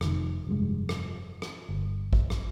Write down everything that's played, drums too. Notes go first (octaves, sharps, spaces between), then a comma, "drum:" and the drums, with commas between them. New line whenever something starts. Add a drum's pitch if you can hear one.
F1 D#3, drum: rim click
F1 G2 G#3
drum: rim click
drum: rim click
G1
drum: kick
drum: rim click